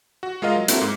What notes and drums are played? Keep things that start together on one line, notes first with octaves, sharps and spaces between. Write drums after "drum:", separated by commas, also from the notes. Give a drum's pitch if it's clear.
F#4
G#3 F4 A#4 D#5 F5
F#3
A#3 C4 E4 F#4 A4, drum: hi-hat
G#2